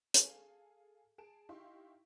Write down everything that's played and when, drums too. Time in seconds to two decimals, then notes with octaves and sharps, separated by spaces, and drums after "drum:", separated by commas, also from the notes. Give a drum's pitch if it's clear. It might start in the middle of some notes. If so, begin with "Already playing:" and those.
0.14 G#4 A4 F5 G#5, drum: hi-hat
1.18 G#4 A5 D7 E7
1.49 D#4 E4 G4 F5 C6 C#6